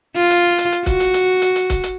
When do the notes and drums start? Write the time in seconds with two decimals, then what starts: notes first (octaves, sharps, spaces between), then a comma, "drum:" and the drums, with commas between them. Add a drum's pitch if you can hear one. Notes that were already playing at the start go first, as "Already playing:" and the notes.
0.16 F4
0.31 drum: hi-hat
0.58 drum: hi-hat
0.72 drum: hi-hat
0.86 F#4, drum: kick, hi-hat
1.00 drum: hi-hat
1.14 drum: hi-hat
1.42 drum: hi-hat
1.56 drum: hi-hat
1.70 drum: kick, hi-hat
1.84 drum: hi-hat